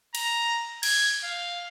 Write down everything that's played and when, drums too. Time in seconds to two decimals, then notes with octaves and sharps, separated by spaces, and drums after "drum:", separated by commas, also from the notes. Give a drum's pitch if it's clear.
0.15 A#5, drum: cymbal
0.83 G#6, drum: cymbal
1.24 F5